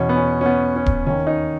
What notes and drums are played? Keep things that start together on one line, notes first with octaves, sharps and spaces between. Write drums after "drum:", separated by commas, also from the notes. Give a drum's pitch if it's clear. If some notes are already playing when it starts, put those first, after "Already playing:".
Already playing: E2 B2 C#4
B3
C#4
C#4
B3
C#4
drum: kick D1
D#2 D#3 C#4
D#4